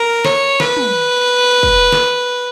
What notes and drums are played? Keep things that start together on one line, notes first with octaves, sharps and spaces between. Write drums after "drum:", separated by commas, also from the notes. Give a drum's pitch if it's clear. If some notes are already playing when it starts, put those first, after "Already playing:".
Already playing: A#4
C#5, drum: snare
B4, drum: snare
drum: tom
drum: kick
drum: snare